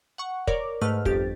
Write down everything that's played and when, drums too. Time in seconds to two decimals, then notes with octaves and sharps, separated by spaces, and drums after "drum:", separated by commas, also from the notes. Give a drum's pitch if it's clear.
0.18 F#5 C#6
0.47 A#4 C#5 D5 D6, drum: kick
0.81 G#2 A3 B4 F6
1.05 G1 F2 G4 A6, drum: kick